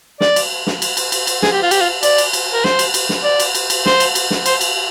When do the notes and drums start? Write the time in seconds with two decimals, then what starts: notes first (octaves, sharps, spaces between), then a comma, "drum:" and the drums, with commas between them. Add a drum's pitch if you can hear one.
0.21 D5, drum: snare
0.36 drum: cymbal
0.67 drum: snare
0.82 drum: cymbal
0.97 drum: cymbal
1.12 drum: cymbal
1.27 drum: cymbal
1.42 G#4, drum: snare
1.52 G4
1.62 F4
1.71 G4, drum: cymbal
1.81 F4
2.03 D5, drum: cymbal
2.18 drum: cymbal
2.33 drum: cymbal
2.53 A#4
2.64 C5, drum: snare
2.79 drum: cymbal
2.94 drum: cymbal
3.09 drum: snare
3.24 D5
3.40 drum: cymbal
3.55 drum: cymbal
3.70 drum: cymbal
3.86 C5, drum: snare
4.00 drum: cymbal
4.15 drum: cymbal
4.31 drum: snare
4.46 C5, drum: cymbal
4.61 drum: cymbal